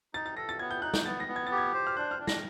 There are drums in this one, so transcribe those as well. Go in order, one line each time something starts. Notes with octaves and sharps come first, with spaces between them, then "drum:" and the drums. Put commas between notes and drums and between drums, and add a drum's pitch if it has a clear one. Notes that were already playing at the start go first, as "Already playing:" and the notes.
D#4 A6
A6
A4 A#6
A6
B3 G#6
G6
D#4 F#6
G6, drum: snare
B3 A6
A#6
B3
G#6
G4 A6
G#6
C5
F6
D4 F#6
F6
D4
A#6, drum: snare